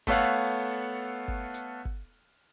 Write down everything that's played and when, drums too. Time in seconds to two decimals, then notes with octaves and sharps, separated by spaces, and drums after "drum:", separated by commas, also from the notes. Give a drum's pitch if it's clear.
0.07 A3 B3 A4 C#5 F5 F#5, drum: kick G1
1.28 drum: kick G1
1.54 drum: hi-hat
1.85 drum: kick G1